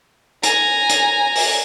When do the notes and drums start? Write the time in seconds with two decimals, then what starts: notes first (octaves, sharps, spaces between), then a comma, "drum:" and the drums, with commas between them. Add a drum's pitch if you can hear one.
0.43 G#5 A#5, drum: hi-hat
0.90 drum: hi-hat
1.36 drum: open hi-hat